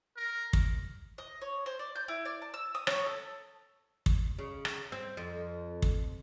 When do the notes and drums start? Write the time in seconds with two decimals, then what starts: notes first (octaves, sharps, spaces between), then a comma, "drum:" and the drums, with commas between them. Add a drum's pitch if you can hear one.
0.17 A#4
0.53 drum: kick
1.18 D#5
1.41 C#5
1.66 C5
1.79 D5
1.95 G6
2.08 E4
2.25 D5
2.42 A5
2.54 E6
2.75 D#6
2.87 C#5, drum: rim click
3.06 A4
4.06 drum: kick
4.39 C#3
4.65 drum: rim click
4.92 C4
5.17 F2
5.82 drum: kick